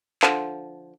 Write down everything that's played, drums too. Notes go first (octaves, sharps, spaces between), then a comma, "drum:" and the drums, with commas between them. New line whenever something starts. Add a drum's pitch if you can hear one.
D3 F3, drum: clap